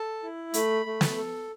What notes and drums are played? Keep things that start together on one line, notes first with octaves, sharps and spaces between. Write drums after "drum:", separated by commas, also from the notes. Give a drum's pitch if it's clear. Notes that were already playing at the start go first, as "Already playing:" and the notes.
Already playing: A4 A5
E4
A3 B5, drum: hi-hat
A3
drum: snare
A4